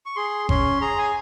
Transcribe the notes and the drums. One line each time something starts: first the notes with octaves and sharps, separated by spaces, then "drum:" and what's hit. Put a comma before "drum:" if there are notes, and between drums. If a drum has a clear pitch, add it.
C#6
G#4 C6
C#4 C6, drum: kick G1
G#4 A#5
G#5